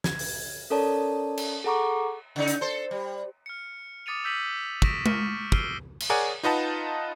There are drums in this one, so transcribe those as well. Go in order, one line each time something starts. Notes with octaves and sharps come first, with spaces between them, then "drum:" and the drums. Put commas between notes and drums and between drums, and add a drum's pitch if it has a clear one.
G#6, drum: snare
drum: open hi-hat
C#4 A4 A#4 C#5 D5 A5
drum: cymbal
G#4 A4 F#5 A#5 C#6 D6
C#3 D#4
drum: hi-hat
A4 C5
G3
F6 C#7
D6 D#6 A6 C#7 D#7 F7
E6 G6 B6 D#7 F#7
C#6 A#6 B6 D7 E7, drum: kick
C#6 F6 C#7 D#7, drum: tom G#3
E6 F6 C7 D7 D#7 G7, drum: kick
drum: cymbal
G#4 A#4 C#5 D5 F#5 G#5
D#4 F4 B4 D#5 F#5 A5